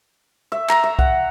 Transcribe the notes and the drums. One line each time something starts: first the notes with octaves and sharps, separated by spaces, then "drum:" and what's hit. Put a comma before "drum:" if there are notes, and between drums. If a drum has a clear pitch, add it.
E5
A#5, drum: clap
E5
F#5, drum: kick C2